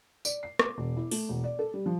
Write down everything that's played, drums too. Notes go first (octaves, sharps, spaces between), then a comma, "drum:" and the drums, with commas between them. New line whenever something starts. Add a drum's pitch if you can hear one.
D5, drum: tambourine
C7
D6, drum: rim click
E1
E4
A3, drum: open hi-hat
E1
D5
A4
G3
F3